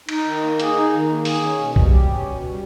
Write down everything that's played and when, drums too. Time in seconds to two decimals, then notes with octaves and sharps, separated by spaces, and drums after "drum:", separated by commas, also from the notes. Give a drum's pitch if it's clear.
0.09 D#4, drum: cymbal
0.25 D#3
0.43 A#3
0.60 G#4, drum: hi-hat
0.76 D#4
0.93 D#3
1.09 A#3
1.25 G#4, drum: open hi-hat
1.42 C#4
1.59 B2
1.76 G3, drum: kick B1
1.92 G4
2.09 C#4
2.25 B2
2.43 G3